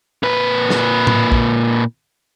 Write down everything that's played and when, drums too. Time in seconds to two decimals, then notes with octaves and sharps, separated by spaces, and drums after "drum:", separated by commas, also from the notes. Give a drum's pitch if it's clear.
0.23 A#2 B4
0.70 drum: snare
1.07 drum: tom A2
1.32 drum: kick